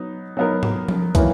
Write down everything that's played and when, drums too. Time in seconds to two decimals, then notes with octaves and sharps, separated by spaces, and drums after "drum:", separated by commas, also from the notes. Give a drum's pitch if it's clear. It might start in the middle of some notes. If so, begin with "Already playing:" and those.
Already playing: F#3 B3 D#4
0.37 F#3 B3 D#4 A#4
0.63 drum: tom G#2
0.89 drum: tom F3
1.15 D#3 E3 F#3 A#3, drum: kick, hi-hat